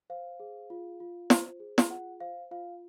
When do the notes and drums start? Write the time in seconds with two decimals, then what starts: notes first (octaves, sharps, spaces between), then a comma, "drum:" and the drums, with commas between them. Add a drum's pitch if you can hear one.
0.10 C5 F5
0.40 G#4
0.70 F4
1.00 F4
1.30 C5, drum: snare
1.60 G#4
1.78 drum: snare
1.90 F4 F#5
2.20 C5 F5
2.51 F4 F5